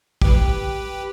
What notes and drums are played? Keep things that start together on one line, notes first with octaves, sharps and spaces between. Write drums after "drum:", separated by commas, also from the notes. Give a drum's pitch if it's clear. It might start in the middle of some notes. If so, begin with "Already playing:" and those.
G4 B4, drum: kick